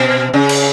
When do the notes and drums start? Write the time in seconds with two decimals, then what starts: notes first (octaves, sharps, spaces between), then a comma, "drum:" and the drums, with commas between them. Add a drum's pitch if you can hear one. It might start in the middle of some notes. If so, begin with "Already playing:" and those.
Already playing: B2
0.34 C#3
0.49 drum: cymbal